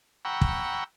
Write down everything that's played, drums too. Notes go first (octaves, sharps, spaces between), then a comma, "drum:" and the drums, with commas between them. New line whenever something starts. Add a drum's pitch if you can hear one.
F#5 G5 A#5 B5 C#6 E6
drum: kick